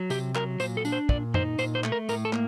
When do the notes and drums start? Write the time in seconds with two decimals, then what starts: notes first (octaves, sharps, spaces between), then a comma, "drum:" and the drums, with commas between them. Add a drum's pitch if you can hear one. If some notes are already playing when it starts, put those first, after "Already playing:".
Already playing: F#3
0.10 C3 G4, drum: tambourine
0.35 F#3 A#4, drum: clap
0.60 A#2 C5, drum: tambourine
0.77 A4
0.85 D4, drum: tambourine
0.92 C5
1.09 A#2 D5, drum: kick
1.34 D#4 C5, drum: tom F#2
1.58 A#2 C5, drum: tambourine
1.75 C5
1.84 A3, drum: clap
1.92 A#4
2.09 A2 A#4, drum: tambourine
2.25 A4
2.33 A#3, drum: clap